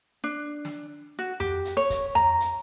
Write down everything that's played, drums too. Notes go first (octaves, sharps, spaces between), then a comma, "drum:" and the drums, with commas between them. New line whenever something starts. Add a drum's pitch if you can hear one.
D4
drum: snare
F#4
G4, drum: tom F2
drum: hi-hat
C#5
drum: kick, hi-hat
A#5, drum: tom F2
drum: hi-hat